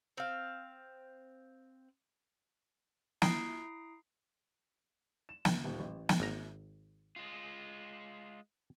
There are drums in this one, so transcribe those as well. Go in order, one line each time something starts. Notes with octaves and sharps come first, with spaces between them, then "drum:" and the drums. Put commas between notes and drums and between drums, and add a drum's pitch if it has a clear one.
C4 F5
E4 A#5 D#6 C7 D7, drum: snare
E7
C#2, drum: snare
D#1
A1
drum: snare
G#1 A#5
G#3 F4